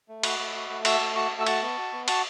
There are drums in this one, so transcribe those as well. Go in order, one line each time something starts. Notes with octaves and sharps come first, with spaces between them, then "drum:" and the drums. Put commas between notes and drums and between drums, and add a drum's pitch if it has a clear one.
A3
F#4 F#5 B5, drum: cymbal
A3
F#4
A3
F#4 E5 A5, drum: cymbal
A3
F#4 A5 C#6
A3
E6
F#4 A5 C#6, drum: cymbal
B3
F#4
B3
F#4 A5 C#6, drum: cymbal